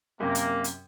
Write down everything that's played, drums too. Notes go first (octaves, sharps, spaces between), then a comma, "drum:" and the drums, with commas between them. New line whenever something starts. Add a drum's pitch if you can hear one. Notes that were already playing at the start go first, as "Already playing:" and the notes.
F#2 C3 A#3
drum: hi-hat
drum: hi-hat